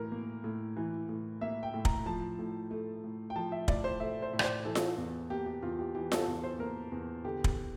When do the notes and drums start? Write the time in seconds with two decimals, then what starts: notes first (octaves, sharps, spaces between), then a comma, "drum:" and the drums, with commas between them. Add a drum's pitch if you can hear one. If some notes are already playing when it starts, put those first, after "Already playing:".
Already playing: A2 E3 A#4
0.12 A#3
0.44 A2
0.77 E3
1.09 A2
1.41 A#3 E5
1.63 G5
1.74 A2
1.85 A#5, drum: kick
2.06 F3 A5
2.39 A2
2.71 A3
3.04 A2
3.30 G5
3.36 F3 A5
3.52 E5
3.68 A2 D5, drum: kick
3.84 C5
4.00 A3 E5
4.22 C5
4.33 A2
4.39 D5, drum: rim click
4.44 C5
4.65 E3 A4
4.75 drum: snare F4
4.98 E2
5.30 A#3 G4
5.46 G4
5.62 E2 F4
5.79 G4
5.95 E3 G4
6.12 A4, drum: snare F4
6.27 E2
6.43 C5
6.59 A#3 A#4
6.92 E2
7.25 D3 G4
7.44 drum: kick